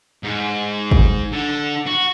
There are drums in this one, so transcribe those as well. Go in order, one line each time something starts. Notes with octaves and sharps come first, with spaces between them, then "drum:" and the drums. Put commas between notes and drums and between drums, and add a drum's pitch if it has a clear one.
G#2
drum: kick
D3
F#4